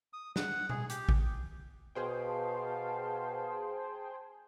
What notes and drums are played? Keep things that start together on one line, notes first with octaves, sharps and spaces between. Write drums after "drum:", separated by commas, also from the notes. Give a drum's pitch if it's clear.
D#6
F#5, drum: snare
G#4, drum: tom B2
G4, drum: hi-hat
drum: kick A1
B2 G#4 C5 F5 G5
A5